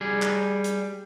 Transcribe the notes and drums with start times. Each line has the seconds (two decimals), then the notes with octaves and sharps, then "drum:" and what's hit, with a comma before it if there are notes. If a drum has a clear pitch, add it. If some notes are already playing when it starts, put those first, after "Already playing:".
0.01 G3 G#4
0.22 drum: clap
0.64 drum: hi-hat